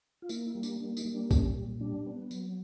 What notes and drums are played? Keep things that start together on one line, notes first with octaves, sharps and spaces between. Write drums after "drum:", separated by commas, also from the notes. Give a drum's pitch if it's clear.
F4
A#3 E4, drum: tambourine
E4
G3
D4, drum: tambourine
A#3 D4
D#4, drum: tambourine
G3
D4
A#2 C#4, drum: kick, tambourine
A#2
G3 D4
B3
F#3, drum: tambourine